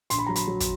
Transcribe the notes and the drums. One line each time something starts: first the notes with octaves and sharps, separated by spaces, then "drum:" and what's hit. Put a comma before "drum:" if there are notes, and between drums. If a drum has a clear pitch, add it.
A#1 C6, drum: hi-hat
B5
F#3 A#5
B5, drum: hi-hat
F#3
drum: kick, hi-hat